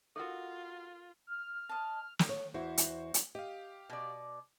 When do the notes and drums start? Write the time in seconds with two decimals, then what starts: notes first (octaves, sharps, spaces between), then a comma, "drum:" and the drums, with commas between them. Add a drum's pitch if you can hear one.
0.16 D#4 F4 F#4 A4 A#4
1.27 F6
1.69 D#5 A5
2.19 drum: snare
2.29 C#5
2.54 E2 E4 F#4 C5
2.78 drum: hi-hat
3.14 drum: hi-hat
3.35 G4 D#5 F5
3.90 B2 D5